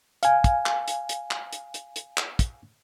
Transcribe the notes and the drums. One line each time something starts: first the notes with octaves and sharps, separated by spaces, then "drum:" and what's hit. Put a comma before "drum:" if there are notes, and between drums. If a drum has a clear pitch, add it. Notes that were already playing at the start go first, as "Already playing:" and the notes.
F5 G#5, drum: hi-hat
drum: kick, hi-hat
drum: clap
drum: hi-hat
drum: hi-hat
drum: clap
drum: hi-hat
drum: hi-hat
drum: hi-hat
drum: clap
drum: kick, hi-hat